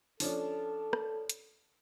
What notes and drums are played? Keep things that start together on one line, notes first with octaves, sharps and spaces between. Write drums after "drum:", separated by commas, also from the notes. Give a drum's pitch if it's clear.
F3 C#4 D4 A4, drum: open hi-hat
drum: rim click
drum: hi-hat